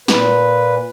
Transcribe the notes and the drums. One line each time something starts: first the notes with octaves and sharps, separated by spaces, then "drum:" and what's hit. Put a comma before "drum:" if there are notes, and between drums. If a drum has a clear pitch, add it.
A#2 B4, drum: snare